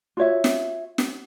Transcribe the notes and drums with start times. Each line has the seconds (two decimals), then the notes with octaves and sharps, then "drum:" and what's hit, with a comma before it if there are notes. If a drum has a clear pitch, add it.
0.17 F4 F#4 C#5 E5
0.44 drum: snare
0.98 drum: snare